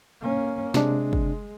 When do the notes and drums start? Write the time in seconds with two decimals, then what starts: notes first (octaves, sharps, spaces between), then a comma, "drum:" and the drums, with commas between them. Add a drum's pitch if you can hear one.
0.21 A#3 C#4
0.74 C3 G#3 D4, drum: snare
1.13 drum: kick